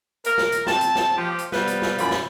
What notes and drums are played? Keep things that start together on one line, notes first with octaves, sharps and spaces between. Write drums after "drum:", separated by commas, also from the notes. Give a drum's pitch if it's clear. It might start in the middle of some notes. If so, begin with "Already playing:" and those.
A#4, drum: hi-hat
drum: snare
drum: hi-hat
C4 A5, drum: snare
drum: hi-hat
drum: snare
F3 G4
drum: hi-hat
G3 B3 B4 C5 F5, drum: snare
drum: hi-hat
drum: snare
F#2 A#2 E3 F4 B5, drum: hi-hat
drum: snare